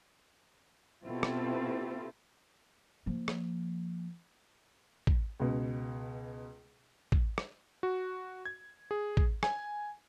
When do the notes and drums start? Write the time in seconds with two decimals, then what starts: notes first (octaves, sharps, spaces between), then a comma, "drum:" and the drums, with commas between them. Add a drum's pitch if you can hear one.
1.05 B2 C4 E4 F4 G4 A4
1.23 drum: rim click
3.06 F3 A#3
3.28 drum: rim click
5.07 drum: kick
5.40 C#2 B2
7.12 drum: kick
7.38 drum: rim click
7.83 F#4
8.45 G#6
8.91 G#4
9.17 drum: kick
9.43 G#5, drum: rim click